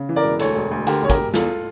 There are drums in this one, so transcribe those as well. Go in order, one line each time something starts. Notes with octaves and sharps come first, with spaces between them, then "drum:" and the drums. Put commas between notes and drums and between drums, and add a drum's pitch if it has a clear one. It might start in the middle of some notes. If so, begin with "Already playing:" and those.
Already playing: C#3
E3
A#4 D5
E1
D2 A4 C#5, drum: hi-hat
E1
D2
D3 G4 A#4, drum: hi-hat
E1 C#5
G4 A#4, drum: kick, hi-hat
E1
E2 F4 A4, drum: snare